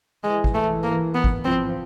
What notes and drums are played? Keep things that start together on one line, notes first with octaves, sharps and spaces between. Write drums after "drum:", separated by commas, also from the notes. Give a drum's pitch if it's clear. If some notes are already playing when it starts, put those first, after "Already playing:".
E3 G#3
drum: kick
A3
A#3
B3
drum: kick
F3 C4